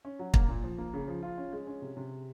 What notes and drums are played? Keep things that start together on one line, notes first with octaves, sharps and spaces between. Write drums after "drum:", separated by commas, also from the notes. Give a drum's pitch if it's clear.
C#4
F#3
A#3, drum: kick
A#2
F3
A#3
C#3
F3
F4
C#4
G#3
C#4
C3
C3